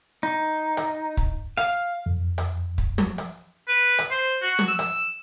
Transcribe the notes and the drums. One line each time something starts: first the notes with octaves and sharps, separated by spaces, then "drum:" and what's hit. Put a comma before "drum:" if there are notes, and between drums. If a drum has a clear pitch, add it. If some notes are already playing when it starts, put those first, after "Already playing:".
D#4
drum: rim click
drum: kick
F5, drum: rim click
F2
drum: rim click
drum: kick
drum: tom
drum: rim click
B4
drum: rim click
C5
F#4
drum: tom
E6
drum: rim click